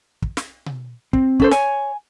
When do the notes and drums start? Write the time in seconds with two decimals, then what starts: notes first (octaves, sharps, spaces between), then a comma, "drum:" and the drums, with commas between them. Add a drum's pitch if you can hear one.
0.22 drum: kick
0.37 drum: snare
0.66 drum: tom B2
1.13 C4, drum: kick
1.40 C#4 A4 C5, drum: kick
1.51 C#5 G#5, drum: snare